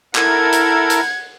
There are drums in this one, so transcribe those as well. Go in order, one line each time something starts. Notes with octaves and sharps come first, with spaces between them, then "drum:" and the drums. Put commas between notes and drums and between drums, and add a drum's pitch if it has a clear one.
E4 A4 A#4 F#5 G#6, drum: clap
drum: hi-hat
drum: hi-hat